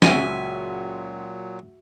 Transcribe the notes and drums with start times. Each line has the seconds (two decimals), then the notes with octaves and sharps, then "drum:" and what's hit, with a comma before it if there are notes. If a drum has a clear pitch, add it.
0.02 C#2 A#2 F#3 F#4 E5 G#5, drum: snare